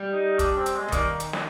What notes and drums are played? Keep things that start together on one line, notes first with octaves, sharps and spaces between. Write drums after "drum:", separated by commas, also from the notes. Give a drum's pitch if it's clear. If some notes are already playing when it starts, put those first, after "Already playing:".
Already playing: G3
D#4
D4, drum: kick, hi-hat
C4
drum: hi-hat
G#3
D3
D#3 A#3, drum: kick, hi-hat
drum: hi-hat
drum: snare